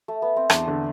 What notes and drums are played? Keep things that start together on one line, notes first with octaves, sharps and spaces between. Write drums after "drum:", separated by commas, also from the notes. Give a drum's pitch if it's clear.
A3
B3
C4
E2 D4, drum: rim click
D3